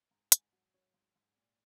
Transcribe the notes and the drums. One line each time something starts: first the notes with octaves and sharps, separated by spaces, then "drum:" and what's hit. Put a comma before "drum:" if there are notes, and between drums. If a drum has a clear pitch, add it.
G#2 A#5
G#2 G#5, drum: hi-hat
F#3 F#5
F#3 C#5
G#2
G#2
A#2